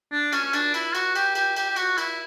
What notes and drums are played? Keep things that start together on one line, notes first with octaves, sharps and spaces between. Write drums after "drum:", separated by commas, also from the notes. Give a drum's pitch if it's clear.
D4
C#4, drum: cymbal
C#4
D4, drum: cymbal
E4, drum: cymbal
F#4, drum: cymbal
G4, drum: cymbal
G4, drum: cymbal
G4, drum: cymbal
G4
F#4, drum: cymbal
E4, drum: cymbal